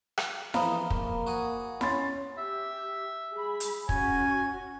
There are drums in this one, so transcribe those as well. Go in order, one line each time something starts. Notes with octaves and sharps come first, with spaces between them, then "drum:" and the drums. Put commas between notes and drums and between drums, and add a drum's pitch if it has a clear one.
drum: rim click
F2 E3 F3 G#3 F5 A#5 B5 D#6, drum: snare E4
A#3, drum: kick
F#4 G#4
C#4 B5 C6 A6, drum: snare E4
G4 E5
G#4 B5
drum: hi-hat
C#4 F#4 G#5, drum: kick